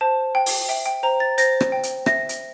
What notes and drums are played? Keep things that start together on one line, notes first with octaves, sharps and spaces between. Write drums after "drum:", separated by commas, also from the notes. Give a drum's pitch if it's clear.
C5 A5
G5
drum: open hi-hat
E5 G5
G5
C5 A#5
A6
C5 A#6, drum: hi-hat
drum: rim click
G5
drum: hi-hat
E5 A#6, drum: rim click
drum: hi-hat